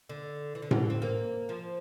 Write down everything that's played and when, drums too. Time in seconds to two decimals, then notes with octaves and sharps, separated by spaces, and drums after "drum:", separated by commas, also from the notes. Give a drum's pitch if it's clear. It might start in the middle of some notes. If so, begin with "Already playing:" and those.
0.09 D3
0.55 E3
0.62 D3
0.71 E3, drum: tom A2
0.90 C4
1.02 A#3
1.49 F3